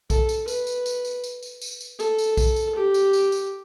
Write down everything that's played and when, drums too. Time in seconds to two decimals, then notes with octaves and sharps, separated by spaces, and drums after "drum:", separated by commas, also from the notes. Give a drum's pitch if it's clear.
0.10 A4, drum: kick B1, tambourine
0.29 drum: tambourine
0.48 B4, drum: tambourine
0.67 drum: tambourine
0.86 drum: tambourine
1.05 drum: tambourine
1.24 drum: tambourine
1.43 drum: tambourine
1.62 drum: tambourine
1.81 drum: tambourine
2.00 A4, drum: tambourine
2.18 drum: tambourine
2.37 drum: kick B1, tambourine
2.56 drum: tambourine
2.75 G4
2.94 drum: tambourine
3.13 drum: tambourine
3.32 drum: tambourine